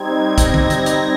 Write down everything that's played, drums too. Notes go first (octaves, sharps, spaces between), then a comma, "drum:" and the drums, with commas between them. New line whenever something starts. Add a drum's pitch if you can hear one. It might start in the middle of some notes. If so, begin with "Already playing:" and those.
Already playing: G3 C4 D#4 G#6
A#6, drum: kick, hi-hat
drum: tom D3
drum: hi-hat
drum: hi-hat